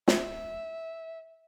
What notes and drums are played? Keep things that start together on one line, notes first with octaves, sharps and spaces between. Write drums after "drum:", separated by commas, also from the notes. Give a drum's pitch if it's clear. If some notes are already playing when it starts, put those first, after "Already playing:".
E5, drum: snare